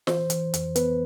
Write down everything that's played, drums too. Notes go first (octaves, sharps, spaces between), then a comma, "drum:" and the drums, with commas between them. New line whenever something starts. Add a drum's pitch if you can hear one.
E3 C5, drum: snare
E3, drum: hi-hat
F2, drum: hi-hat
B3 B4, drum: hi-hat